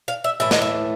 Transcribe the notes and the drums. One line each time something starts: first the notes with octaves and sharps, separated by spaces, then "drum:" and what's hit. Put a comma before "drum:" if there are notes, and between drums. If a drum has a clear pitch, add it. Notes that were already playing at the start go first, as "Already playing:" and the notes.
F5
E5
A2 E3 A3 E5
D#5, drum: snare
E5